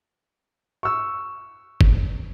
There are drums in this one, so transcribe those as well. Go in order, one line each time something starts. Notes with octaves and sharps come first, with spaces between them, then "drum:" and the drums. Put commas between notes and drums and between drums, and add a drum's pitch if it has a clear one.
C#6 E6
drum: kick